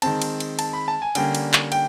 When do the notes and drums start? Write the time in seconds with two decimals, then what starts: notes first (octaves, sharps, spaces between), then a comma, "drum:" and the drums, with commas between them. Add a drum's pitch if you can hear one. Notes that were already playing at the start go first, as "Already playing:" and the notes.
0.02 D#3 G#3 C4 A5, drum: cymbal
0.22 drum: cymbal
0.40 drum: cymbal
0.59 A5, drum: cymbal
0.73 B5
0.88 A5
1.02 G#5
1.15 D3 G3 A#3 C#4 G5, drum: cymbal
1.35 drum: cymbal
1.53 drum: clap
1.72 G5, drum: cymbal